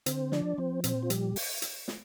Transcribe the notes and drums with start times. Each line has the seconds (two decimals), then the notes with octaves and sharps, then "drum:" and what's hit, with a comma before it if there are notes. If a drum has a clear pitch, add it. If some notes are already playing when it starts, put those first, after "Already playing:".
0.06 D3 C4 C5, drum: hi-hat
0.32 F3 D4 D5, drum: snare
0.58 F3 C4 C5
0.84 A#2 C4 C5, drum: hi-hat
1.03 F4
1.10 F3 G3 G4, drum: hi-hat
1.36 drum: open hi-hat
1.62 drum: hi-hat
1.88 drum: snare